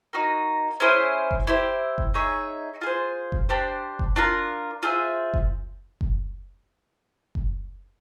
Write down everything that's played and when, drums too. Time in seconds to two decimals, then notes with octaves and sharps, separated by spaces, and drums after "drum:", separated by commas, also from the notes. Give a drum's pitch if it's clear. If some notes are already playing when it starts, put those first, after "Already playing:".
0.13 A#3 D#4 F#4
0.80 C#4 E4 G#4 C5
1.31 drum: kick F#1
1.47 E4 G4 C5
1.98 drum: kick F#1
2.14 D#4 G#4 C#5 E5
2.81 F4 G#4 C5
3.32 drum: kick F#1
3.49 D4 G4 C5
3.99 drum: kick F#1
4.16 D4 F4 A#4
4.83 F4 G#4 C5 E5
5.34 drum: kick F#1
6.01 drum: kick F#1
7.35 drum: kick F#1